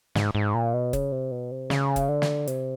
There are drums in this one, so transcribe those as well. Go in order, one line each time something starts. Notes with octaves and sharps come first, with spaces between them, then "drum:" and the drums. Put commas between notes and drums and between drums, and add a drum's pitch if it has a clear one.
G#2, drum: snare
G#2
A#2
B2
C#3, drum: kick, hi-hat
C3
B2
C3
C#3, drum: snare
drum: kick, hi-hat
D3
drum: snare
C3, drum: hi-hat